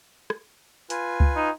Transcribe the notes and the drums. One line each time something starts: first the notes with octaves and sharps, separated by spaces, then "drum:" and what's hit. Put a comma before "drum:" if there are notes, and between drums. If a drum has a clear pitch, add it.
drum: rim click
F4 B4 G#5, drum: hi-hat
drum: kick C#2
D#4